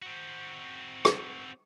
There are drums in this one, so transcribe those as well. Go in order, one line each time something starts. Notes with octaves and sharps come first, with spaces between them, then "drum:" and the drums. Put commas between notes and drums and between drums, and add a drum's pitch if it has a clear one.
C4 F#4
drum: rim click